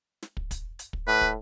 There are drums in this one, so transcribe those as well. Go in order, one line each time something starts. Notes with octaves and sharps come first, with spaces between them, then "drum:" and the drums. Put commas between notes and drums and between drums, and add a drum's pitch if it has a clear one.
drum: snare
drum: kick
drum: kick, hi-hat
drum: hi-hat
drum: kick
A2 B4
drum: kick